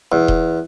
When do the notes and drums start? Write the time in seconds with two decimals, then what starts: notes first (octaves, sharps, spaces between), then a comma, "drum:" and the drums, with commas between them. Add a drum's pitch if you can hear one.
0.12 E2
0.28 drum: kick D#1